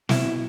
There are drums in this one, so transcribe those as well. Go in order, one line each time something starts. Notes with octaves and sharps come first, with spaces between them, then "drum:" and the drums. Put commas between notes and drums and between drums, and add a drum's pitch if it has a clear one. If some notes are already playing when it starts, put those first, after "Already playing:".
B2 E4, drum: snare
B2